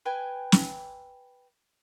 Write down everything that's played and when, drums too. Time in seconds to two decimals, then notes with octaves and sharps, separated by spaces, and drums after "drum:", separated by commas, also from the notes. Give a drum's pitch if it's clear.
0.06 B4 G5 G#5
0.52 drum: snare